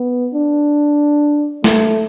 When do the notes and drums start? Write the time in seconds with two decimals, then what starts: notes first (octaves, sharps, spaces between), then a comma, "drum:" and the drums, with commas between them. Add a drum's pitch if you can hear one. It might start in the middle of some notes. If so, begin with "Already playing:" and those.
Already playing: B3
0.34 D4
1.64 A3, drum: snare